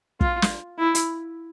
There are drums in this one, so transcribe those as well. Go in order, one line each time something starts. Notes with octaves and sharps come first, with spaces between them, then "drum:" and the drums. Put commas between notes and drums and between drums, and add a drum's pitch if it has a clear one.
F4, drum: kick
drum: snare
E4
drum: hi-hat